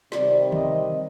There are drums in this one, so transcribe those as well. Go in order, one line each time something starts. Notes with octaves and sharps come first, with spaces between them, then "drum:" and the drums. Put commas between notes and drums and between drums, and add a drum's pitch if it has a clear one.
C3 D#3 G3 C4 D5, drum: snare
D#5, drum: tom D3